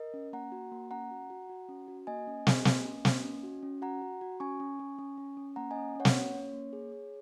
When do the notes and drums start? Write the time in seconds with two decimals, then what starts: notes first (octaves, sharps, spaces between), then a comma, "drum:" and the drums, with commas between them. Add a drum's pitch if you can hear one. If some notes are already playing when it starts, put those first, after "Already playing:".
Already playing: A#4 D#5
0.14 C#4
0.33 A#3 F#5 A#5
0.52 F#4
0.72 A#3
0.91 C#4 F#5 A#5
1.11 F#4
1.30 F#4
1.49 F#4
1.69 C#4
1.88 F#4
2.07 A#3 D#5 G#5
2.27 C#4
2.47 G#4, drum: snare
2.65 A#3, drum: snare
2.85 C#4
3.05 A#3, drum: snare
3.24 C#4
3.43 F#4
3.63 C#4
3.82 F#4 F#5 A#5
4.02 F#4
4.21 F#4
4.40 C#4 G#5 C#6
4.60 C#4
4.79 C#4
4.99 C#4
5.18 C#4
5.37 C#4
5.56 A#3 F#5 A#5
5.71 C#4 D#5 G#5
5.95 C#4 C#5 F#5
6.05 drum: snare
6.15 A#3 C#5
6.34 C#4
6.53 A#3
6.73 G#4
6.92 G#4